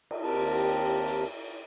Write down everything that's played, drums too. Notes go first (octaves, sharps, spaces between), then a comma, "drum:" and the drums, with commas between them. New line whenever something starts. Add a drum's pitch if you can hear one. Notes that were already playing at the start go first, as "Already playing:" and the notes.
drum: cymbal
D#2 C4 G4 A#4 A5
drum: hi-hat